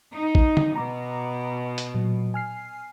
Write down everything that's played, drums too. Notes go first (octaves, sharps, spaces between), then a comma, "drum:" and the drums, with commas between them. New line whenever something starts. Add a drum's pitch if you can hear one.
D#4
drum: kick A#1
drum: tom
B2 A#5 D6 A#6
drum: hi-hat
A#2 F#3
G#5 F6 C7